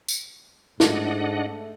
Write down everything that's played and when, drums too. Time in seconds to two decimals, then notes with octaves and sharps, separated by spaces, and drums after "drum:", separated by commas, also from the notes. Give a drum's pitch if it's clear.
0.08 drum: tambourine
0.80 G#2 A3 D4 D#5 F#5, drum: snare